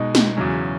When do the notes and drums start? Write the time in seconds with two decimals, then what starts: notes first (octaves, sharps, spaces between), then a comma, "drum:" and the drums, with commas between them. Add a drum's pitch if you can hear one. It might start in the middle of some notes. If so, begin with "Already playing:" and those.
Already playing: B2 G#3 D#4
0.15 drum: snare
0.37 E2 C#3 F#3 C#4